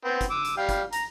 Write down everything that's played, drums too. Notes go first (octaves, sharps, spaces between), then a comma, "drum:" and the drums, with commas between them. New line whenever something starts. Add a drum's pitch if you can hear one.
B3 C4
drum: kick, hi-hat
D6 E6
drum: hi-hat
G3 F5 G5
drum: kick, hi-hat
A#5, drum: hi-hat